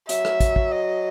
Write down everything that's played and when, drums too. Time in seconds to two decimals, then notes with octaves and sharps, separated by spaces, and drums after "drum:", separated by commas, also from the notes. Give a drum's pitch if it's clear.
0.09 F#3 E5, drum: hi-hat
0.25 drum: rim click
0.40 drum: kick, hi-hat
0.56 drum: kick
0.72 D#5